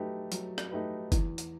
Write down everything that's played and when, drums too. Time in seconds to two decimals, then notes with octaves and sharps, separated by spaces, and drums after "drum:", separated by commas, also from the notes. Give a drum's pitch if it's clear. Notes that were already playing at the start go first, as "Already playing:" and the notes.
Already playing: F#3 A3 D#4 G4 B4
0.32 F#3, drum: hi-hat
0.58 drum: rim click
0.71 A3 D#4 G4 B4
1.12 E2, drum: kick F#1, hi-hat
1.38 drum: hi-hat